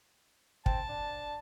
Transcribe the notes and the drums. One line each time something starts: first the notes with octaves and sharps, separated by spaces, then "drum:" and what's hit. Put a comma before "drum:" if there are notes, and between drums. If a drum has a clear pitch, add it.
C4 A5, drum: kick
D4